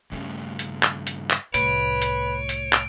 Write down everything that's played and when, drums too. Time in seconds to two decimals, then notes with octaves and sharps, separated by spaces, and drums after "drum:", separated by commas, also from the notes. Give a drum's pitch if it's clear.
0.12 G2 C#3 A3 C#4
0.59 drum: hi-hat
0.83 drum: clap
1.07 drum: hi-hat
1.30 drum: clap
1.54 C2 A2 B4 C#5 D7, drum: hi-hat
2.02 drum: hi-hat
2.49 drum: hi-hat
2.73 drum: clap